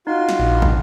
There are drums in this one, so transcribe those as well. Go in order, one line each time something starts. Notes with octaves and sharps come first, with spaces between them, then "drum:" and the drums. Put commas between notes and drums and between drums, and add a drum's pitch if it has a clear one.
D#4 F4 F#4 C6
drum: snare
A#1
drum: kick